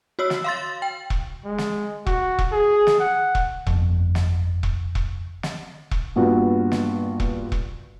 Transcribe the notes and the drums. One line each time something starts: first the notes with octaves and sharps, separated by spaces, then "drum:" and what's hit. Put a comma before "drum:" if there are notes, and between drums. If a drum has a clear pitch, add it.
F#4 C#5 E6
drum: snare
F5 C6 A6
G5
drum: kick E1
G#3
drum: snare
F#4, drum: kick E1
drum: kick E1
G#4
drum: snare
F#5
drum: kick E1
G1 F2, drum: kick E1
drum: snare
drum: kick E1
drum: kick E1
drum: snare
drum: kick E1
G2 A#2 B3 F4 F#4
drum: snare
drum: kick E1
drum: kick E1